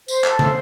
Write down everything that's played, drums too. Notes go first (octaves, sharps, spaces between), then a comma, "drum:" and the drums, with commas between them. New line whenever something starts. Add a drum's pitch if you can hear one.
C5, drum: tambourine
A4, drum: clap
C5, drum: tom